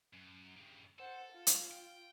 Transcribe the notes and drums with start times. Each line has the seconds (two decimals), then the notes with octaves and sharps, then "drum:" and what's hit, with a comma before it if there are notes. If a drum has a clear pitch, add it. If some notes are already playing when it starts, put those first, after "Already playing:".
0.13 F#2
0.56 G2 C#3
0.99 A4 C5 F#5
1.32 F4
1.47 drum: hi-hat
1.71 G5